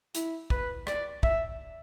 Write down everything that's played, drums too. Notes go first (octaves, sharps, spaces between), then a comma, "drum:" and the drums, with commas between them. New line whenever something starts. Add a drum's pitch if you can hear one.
E4, drum: hi-hat
B4, drum: kick
D5, drum: rim click
E5, drum: kick